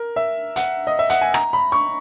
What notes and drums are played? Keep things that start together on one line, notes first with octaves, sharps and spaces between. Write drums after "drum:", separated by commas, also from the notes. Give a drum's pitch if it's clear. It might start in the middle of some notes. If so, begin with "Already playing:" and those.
Already playing: A#4
E5
F#5, drum: hi-hat
D#5
E5
F#5, drum: hi-hat
G#5
A#5, drum: rim click
B5
C#6